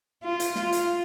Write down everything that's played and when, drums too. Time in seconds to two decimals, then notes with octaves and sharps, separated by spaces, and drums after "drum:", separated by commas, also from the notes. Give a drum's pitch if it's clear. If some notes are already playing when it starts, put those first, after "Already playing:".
0.23 F4
0.40 drum: hi-hat
0.55 F4, drum: snare
0.72 drum: hi-hat